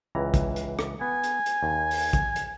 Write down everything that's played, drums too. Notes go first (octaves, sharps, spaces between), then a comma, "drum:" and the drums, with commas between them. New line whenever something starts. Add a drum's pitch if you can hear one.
C#2 E3 A#5
drum: kick, hi-hat
drum: hi-hat
drum: rim click
B3 G#5
drum: hi-hat
drum: hi-hat
D#2
drum: open hi-hat
drum: kick, hi-hat
drum: hi-hat